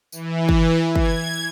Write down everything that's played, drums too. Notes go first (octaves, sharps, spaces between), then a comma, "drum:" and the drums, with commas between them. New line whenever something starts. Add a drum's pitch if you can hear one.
E3, drum: tambourine
drum: kick
G#6, drum: kick